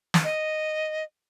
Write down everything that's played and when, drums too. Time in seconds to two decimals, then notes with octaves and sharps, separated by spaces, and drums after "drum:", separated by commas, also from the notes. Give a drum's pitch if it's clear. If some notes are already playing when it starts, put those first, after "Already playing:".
0.14 drum: snare
0.24 D#5